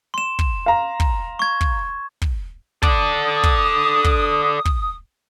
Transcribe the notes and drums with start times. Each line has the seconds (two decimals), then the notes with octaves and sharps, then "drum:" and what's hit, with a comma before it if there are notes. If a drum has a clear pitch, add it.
0.14 C6 E7
0.39 drum: kick
0.66 F5 A#5
1.00 drum: kick
1.39 C#6 G#6
1.61 drum: kick
2.22 drum: kick
2.83 A4 D5 D#6, drum: kick
3.43 drum: kick
4.04 drum: kick
4.65 drum: kick